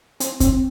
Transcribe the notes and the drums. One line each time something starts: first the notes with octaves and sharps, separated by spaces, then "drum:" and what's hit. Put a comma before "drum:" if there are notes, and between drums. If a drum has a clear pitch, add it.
C4, drum: hi-hat
C4, drum: kick, hi-hat